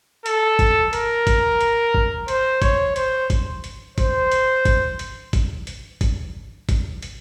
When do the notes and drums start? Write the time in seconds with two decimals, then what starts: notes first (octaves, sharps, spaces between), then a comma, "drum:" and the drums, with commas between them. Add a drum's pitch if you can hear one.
0.26 A4, drum: hi-hat
0.59 drum: kick G#1, hi-hat
0.93 A#4, drum: hi-hat
1.27 drum: kick G#1, hi-hat
1.61 drum: hi-hat
1.94 drum: kick G#1
2.28 C5, drum: hi-hat
2.62 C#5, drum: kick G#1, hi-hat
2.96 C5, drum: hi-hat
3.30 drum: kick G#1, hi-hat
3.64 drum: hi-hat
3.98 C5, drum: kick G#1, hi-hat
4.32 drum: hi-hat
4.65 drum: kick G#1, hi-hat
4.99 drum: hi-hat
5.33 drum: kick G#1, hi-hat
5.67 drum: hi-hat
6.01 drum: kick G#1, hi-hat
6.69 drum: kick G#1, hi-hat
7.02 drum: hi-hat